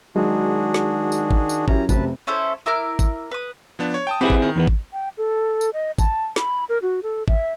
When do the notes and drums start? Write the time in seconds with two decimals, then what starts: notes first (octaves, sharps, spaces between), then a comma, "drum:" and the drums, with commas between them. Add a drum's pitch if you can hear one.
0.16 D#3 F#3 G#3 D4 F#4 G#4
0.74 drum: snare
1.12 drum: tambourine
1.31 drum: kick
1.49 drum: tambourine
1.68 F#2 C#4 E4 G4 A#5, drum: kick
1.89 F1 C3 B4 A5, drum: kick, tambourine
2.27 C#4 E4 A4 C5
2.66 E4 A#4 D6 F6
2.99 drum: kick, tambourine
3.31 B4 D#6
3.79 F3 B3 D4
3.94 C#5
4.07 G5 A5 D#6
4.21 C4 E4 G4 G#4 B4 F#5
4.30 drum: kick
4.42 D#3
4.56 E2 E3 B3
4.67 drum: kick
4.93 G5
5.17 A4
5.61 drum: tambourine
5.73 D#5
5.98 A5, drum: kick, tambourine
6.36 B5, drum: snare
6.69 A#4
6.82 F#4
7.03 A4
7.28 E5, drum: kick